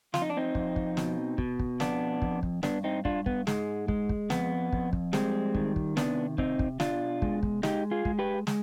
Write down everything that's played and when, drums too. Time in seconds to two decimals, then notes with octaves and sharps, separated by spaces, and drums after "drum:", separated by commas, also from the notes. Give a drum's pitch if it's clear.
0.14 F2 F4, drum: snare
0.22 D#4
0.30 D4
0.37 C4 D#4
0.55 F2, drum: kick
0.76 drum: kick
0.97 B2, drum: snare
1.38 B2, drum: kick
1.59 drum: kick
1.80 F2 B3 D4, drum: snare
2.22 F2, drum: kick
2.43 drum: kick
2.63 G2 B3 D4, drum: snare
2.84 C4 D#4
3.05 G2 D4 F4, drum: kick
3.26 B3, drum: kick
3.47 G#2 G#3, drum: snare
3.88 G#3, drum: kick
4.09 drum: kick
4.30 F2 B3, drum: snare
4.72 F2, drum: kick
4.93 drum: kick
5.13 G3 G#3 C4, drum: snare
5.55 D#3, drum: kick
5.76 drum: kick
5.97 C3 B3 D4, drum: snare
6.38 C3 C4 D#4, drum: kick
6.59 drum: kick
6.80 B2 D4 F4, drum: snare
7.22 G#3, drum: kick
7.43 drum: kick
7.63 G#3 D#4 G4, drum: snare
7.91 F4 G#4
8.05 G#3, drum: kick
8.19 G4 B4
8.47 G#3, drum: snare